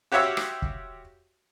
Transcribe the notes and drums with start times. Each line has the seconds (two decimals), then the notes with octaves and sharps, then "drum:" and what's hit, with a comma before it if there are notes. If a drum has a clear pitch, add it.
0.12 F#4 G4 C5 C#5 E5 F5
0.37 drum: rim click
0.62 drum: kick